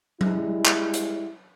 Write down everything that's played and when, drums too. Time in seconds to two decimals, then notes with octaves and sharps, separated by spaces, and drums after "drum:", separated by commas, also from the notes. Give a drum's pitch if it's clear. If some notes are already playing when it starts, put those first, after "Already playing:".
0.21 G3 G#3 E4, drum: tom F#3
0.65 drum: clap
0.94 drum: hi-hat